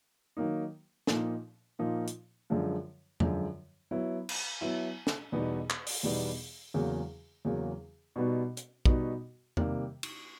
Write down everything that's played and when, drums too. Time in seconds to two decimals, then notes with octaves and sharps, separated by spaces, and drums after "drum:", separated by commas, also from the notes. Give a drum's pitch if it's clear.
0.37 D#3 F#3 A#3 D#4
1.07 A#2 F3 A#3 D#4, drum: snare
1.79 A#2 F3 A#3 D#4
2.07 drum: hi-hat
2.50 F#2 D3 F3 G#3
3.20 F#2 D3 F3 G#3, drum: tom E2
3.91 F#3 B3 E4
4.29 drum: cymbal
4.61 F#3 B3 E4
5.07 drum: snare
5.32 E2 B2 G3 B3 D#4
5.70 drum: clap
5.86 drum: open hi-hat
6.03 E2 B2 G3 B3 D#4
6.74 E2 C#3 F#3 A#3
7.45 E2 C#3 F#3 A#3
8.16 B2 G3 B3 D#4 F#4
8.57 drum: hi-hat
8.85 B2 G3 B3 D#4 F#4, drum: kick
9.57 C3 D#3 G3 A#3, drum: tom E2
10.03 drum: cymbal